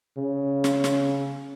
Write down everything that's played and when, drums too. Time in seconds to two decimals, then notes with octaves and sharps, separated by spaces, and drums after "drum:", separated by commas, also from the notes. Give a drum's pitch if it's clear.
0.17 C#3
0.64 drum: snare
0.84 drum: snare